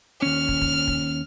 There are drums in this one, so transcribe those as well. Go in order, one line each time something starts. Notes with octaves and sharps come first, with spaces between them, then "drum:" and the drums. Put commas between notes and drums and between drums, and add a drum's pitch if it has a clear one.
D#2 C#4 F6
drum: kick
drum: kick
drum: kick